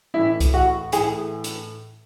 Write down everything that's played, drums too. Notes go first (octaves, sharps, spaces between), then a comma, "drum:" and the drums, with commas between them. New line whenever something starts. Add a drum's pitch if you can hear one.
A2 E3 E4
drum: kick C2, hi-hat
F#4
A2 E3 G#4, drum: hi-hat
drum: hi-hat